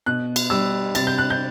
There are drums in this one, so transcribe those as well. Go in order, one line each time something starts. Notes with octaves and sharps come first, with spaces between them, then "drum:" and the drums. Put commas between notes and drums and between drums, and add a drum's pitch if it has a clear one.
B2 F#6
drum: cymbal
G3 E6
C3 A6, drum: cymbal
G6
F#6
G6